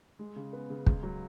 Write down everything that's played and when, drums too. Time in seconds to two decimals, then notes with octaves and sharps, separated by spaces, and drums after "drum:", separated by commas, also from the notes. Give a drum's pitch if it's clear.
0.19 G#3
0.36 C#3
0.53 B3
0.70 C#3
0.86 C#2, drum: kick
1.03 F#3